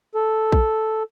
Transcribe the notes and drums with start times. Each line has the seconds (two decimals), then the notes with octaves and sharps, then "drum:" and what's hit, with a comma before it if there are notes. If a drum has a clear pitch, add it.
0.15 A4
0.52 drum: kick